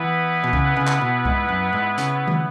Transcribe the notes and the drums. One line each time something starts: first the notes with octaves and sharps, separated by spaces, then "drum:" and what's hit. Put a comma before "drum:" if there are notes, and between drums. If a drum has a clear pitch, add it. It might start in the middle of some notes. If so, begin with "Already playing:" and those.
Already playing: E3 B3 E4 B4
B2
C#3, drum: kick C2
C#3
drum: clap
B2
G#2, drum: kick C2
F#2
G#2
C#3, drum: hi-hat
drum: tom D#3